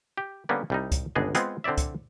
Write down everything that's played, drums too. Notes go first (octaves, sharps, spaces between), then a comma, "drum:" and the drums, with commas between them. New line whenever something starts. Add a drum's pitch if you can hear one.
G4
D3 G3 A#3 B3 C#4
C2 G3 D#4
drum: kick, hi-hat
G1 C#2 B3 D4 G#4 D#5
G#3 B3 C4 F4 G#4, drum: hi-hat
D3 C4 E4 D5 E5
drum: kick, hi-hat